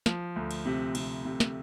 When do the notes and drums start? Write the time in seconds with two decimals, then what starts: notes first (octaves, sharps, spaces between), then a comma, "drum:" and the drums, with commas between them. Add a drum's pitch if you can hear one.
0.06 F3, drum: snare
0.36 D2
0.51 drum: cymbal
0.66 C3
0.95 C3, drum: cymbal
1.25 C3
1.40 drum: snare